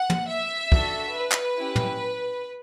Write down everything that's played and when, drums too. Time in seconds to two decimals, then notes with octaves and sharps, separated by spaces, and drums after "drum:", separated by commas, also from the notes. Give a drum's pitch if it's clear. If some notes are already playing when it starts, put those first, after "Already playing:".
Already playing: F#5
0.10 drum: tom
0.28 E5
0.72 D4 F#4 A4, drum: kick
1.13 B4
1.32 drum: clap
1.57 C#4 E4 G4
1.76 drum: tom